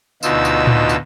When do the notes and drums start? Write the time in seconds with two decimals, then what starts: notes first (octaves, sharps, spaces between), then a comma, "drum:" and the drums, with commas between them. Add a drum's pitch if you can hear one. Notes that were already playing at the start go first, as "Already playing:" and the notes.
0.23 D2 B2 D#4 F4 E6, drum: tambourine
0.45 drum: tambourine
0.67 drum: tom A2
0.89 drum: tambourine